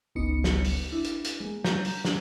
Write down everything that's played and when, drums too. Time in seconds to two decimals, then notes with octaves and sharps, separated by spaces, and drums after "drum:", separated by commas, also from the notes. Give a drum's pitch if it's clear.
0.15 G1 C#2 B3 D#4 C#7
0.44 drum: snare
0.64 drum: open hi-hat
0.92 D4 E4
1.04 drum: hi-hat
1.24 drum: hi-hat
1.40 G#3 A#3
1.64 A#5 G6, drum: snare
1.85 drum: open hi-hat
2.05 drum: snare